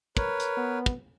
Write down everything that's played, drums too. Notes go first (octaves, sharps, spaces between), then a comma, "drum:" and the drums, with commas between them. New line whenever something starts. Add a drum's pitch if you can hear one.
A#4 B4 C#5, drum: kick
drum: hi-hat
B3
drum: kick